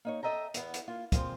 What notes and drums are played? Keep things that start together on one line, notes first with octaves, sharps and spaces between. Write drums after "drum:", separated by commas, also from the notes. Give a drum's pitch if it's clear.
A#3 D#4 C#5
A4 D#5 E5 G5 A#5
E2 B3, drum: hi-hat
drum: hi-hat
A#3 F4
A#2 F3 C4 F4 G#4 C5, drum: kick, hi-hat